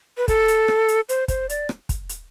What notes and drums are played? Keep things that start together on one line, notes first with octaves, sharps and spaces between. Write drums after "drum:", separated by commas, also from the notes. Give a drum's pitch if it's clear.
B4
A4, drum: kick, hi-hat
drum: hi-hat
drum: rim click
drum: hi-hat
C5, drum: hi-hat
C5, drum: kick, hi-hat
D5, drum: hi-hat
drum: rim click
drum: kick, hi-hat
drum: hi-hat